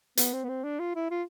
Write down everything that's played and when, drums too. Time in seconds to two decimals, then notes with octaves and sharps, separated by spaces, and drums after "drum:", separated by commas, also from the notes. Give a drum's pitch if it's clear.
0.17 B3, drum: hi-hat
0.33 C4
0.44 B3
0.49 C4
0.64 D4
0.79 F4
0.95 E4
1.10 F4